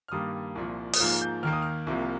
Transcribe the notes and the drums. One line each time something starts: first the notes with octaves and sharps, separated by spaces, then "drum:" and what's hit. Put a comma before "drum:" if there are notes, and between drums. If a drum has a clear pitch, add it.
F6
G2 D#3 G3 A#3 D#6
C2 A#2 F3
D#6, drum: open hi-hat
G#2 F3 A#3 F6
G6
D#2 D#3 A#3 F6
D#6
F6
C2 C3 F3 A#3